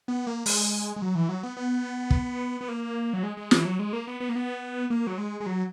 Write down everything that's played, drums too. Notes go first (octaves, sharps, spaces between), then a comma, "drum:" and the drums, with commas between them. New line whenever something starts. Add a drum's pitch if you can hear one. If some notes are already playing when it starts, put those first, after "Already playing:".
B3
A#3
G#3, drum: open hi-hat
G#3
F#3
E3
F#3
B3
B3
drum: kick
B3
A#3
F#3
G#3
G#3
E3, drum: snare
F#3
G#3
A#3
B3
B3
A#3
B3
A#3
F#3
G#3
G#3
F#3